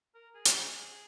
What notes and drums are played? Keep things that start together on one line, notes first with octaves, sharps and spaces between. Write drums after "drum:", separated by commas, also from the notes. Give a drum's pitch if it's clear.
A#4
G#4
drum: hi-hat
G#4